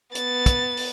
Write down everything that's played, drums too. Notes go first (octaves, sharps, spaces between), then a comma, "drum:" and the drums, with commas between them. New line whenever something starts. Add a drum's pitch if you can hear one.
B3 A6, drum: hi-hat
drum: kick, hi-hat
drum: open hi-hat